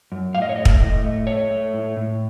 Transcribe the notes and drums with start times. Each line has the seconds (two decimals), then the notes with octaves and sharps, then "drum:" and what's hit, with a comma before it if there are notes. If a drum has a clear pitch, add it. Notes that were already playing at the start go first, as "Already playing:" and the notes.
0.12 F#2
0.35 A2 F5
0.42 D#5
0.49 C#5
0.56 A3 D#5
0.65 drum: kick
0.80 A2
1.05 A3
1.27 A3 C#5
1.51 A3
1.74 A2
1.97 A2